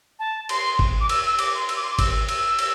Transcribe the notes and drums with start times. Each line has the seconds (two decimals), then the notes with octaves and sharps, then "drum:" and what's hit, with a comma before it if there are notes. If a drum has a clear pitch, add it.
0.19 A5
0.49 C6, drum: cymbal
0.79 drum: kick
1.01 D6
1.09 E6, drum: cymbal
1.24 E6
1.39 D6, drum: cymbal
1.55 C6
1.69 E6, drum: cymbal
1.76 D6
1.83 C6
1.91 D6
1.99 E6, drum: kick, cymbal
2.29 E6, drum: cymbal
2.59 drum: cymbal